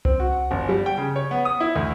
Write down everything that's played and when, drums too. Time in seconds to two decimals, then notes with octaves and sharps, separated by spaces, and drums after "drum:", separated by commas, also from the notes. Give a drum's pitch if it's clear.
0.05 C4, drum: tom C2
0.20 F#4
0.32 F#5
0.51 G1
0.69 G3
0.86 G5
0.98 C#3
1.16 C#5
1.31 B3
1.45 D#6
1.60 E4
1.76 D2